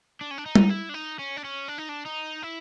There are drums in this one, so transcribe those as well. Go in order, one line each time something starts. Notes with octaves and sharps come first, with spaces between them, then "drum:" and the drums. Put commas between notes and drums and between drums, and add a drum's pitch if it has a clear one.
D4
C#4
D4
D#4
drum: tom G3
E4
D4
D#4
C#4
D4
C#4
D4
D#4
D4
D#4
E4